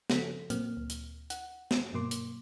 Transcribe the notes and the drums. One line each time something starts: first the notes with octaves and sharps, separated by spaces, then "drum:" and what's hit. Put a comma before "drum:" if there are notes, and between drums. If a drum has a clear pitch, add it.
C#3 F3 F#4 A4 B6, drum: snare
A#2 F#3 A#3 C4 F6, drum: hi-hat
D2
drum: hi-hat
F#5, drum: hi-hat
drum: snare
G2 B2 F#3 A#3 C6 D6
drum: hi-hat